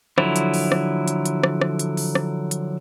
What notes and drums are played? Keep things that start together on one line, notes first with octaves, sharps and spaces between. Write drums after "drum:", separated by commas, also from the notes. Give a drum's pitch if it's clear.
D3 F3 F#3 E4, drum: rim click
drum: hi-hat
drum: open hi-hat
drum: rim click
drum: hi-hat
drum: hi-hat
drum: rim click
drum: rim click
drum: hi-hat
drum: open hi-hat
drum: rim click
drum: hi-hat